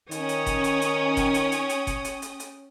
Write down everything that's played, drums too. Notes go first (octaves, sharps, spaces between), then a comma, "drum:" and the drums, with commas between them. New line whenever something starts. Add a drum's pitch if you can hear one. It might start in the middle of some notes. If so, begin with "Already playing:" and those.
D#3 C#4 C#5 G5 D#6, drum: hi-hat
drum: hi-hat
drum: kick F#1, hi-hat
drum: hi-hat
drum: hi-hat
drum: kick F#1, hi-hat
drum: hi-hat
drum: hi-hat
drum: hi-hat
drum: kick F#1, hi-hat
drum: hi-hat
drum: hi-hat
drum: hi-hat